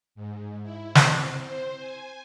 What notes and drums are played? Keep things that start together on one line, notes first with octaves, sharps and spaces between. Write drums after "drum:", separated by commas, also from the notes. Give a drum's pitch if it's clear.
G#2
E4
C4, drum: snare
C5
G#5